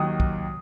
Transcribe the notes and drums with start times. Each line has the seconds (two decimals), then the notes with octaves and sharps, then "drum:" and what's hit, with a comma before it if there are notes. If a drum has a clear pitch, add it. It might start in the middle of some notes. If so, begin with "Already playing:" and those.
Already playing: D#2 D#3 F#3 D#6
0.20 drum: kick